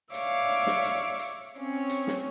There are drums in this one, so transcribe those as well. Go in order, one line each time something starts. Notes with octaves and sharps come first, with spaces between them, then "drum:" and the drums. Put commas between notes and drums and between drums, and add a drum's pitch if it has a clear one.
C#5 D5 E5 F5 D6, drum: hi-hat
drum: snare
drum: hi-hat
drum: hi-hat
C4 C#4 C#5
drum: hi-hat
drum: snare